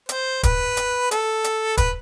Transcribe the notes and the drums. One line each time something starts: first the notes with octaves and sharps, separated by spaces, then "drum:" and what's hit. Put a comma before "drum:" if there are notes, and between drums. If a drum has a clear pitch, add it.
C5, drum: hi-hat
B4, drum: kick, hi-hat
drum: hi-hat
A4, drum: hi-hat
drum: hi-hat
B4, drum: kick, hi-hat